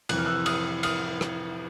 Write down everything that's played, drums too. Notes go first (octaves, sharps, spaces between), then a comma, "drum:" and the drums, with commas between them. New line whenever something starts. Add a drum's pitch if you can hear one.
F2 C3 E3 F#6, drum: cymbal
F6
E6 F#6
D#6 F6, drum: cymbal
D#6 F6, drum: cymbal
drum: rim click